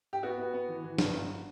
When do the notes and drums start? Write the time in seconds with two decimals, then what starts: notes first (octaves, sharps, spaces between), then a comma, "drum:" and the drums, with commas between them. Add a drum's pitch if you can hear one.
0.13 G4
0.23 B3 F#4
0.38 B3
0.53 B3
0.68 E3
0.84 E3
0.98 G2, drum: snare
1.14 G1